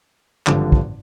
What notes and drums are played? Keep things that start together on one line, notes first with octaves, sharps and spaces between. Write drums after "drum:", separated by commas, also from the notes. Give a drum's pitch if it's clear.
G#1 G2 D3 F3, drum: clap
drum: kick